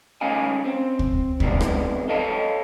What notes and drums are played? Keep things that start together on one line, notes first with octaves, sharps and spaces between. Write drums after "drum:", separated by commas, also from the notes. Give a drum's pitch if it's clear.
D2 A3 C#4 D#4 F5 G#5
C4
drum: kick
E2 G#2 C3 B3 D4, drum: kick
drum: rim click
A4 C#5 D#5 F5 A5